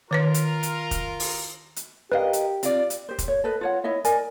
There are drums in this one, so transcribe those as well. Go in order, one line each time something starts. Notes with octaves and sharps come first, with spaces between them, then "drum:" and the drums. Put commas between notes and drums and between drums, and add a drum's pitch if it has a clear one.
D#3 F4 A#4 B4 C#5
drum: hi-hat
drum: hi-hat
drum: kick F1, hi-hat
drum: open hi-hat
drum: hi-hat
G4 A#4 B4 D#5 F5
drum: hi-hat
C4 F4 D5, drum: hi-hat
drum: hi-hat
G4 C5
drum: kick F1, hi-hat
C#5
A4 B4 D#5
F4 C#5 F#5
E4 C#5 D#5 E5
A#4 D5 D#5 G#5, drum: hi-hat